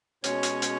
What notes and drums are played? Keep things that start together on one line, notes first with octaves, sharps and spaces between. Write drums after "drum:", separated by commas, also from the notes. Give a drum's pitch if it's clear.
B2 G#3 C#4 C#5, drum: hi-hat
drum: hi-hat
drum: hi-hat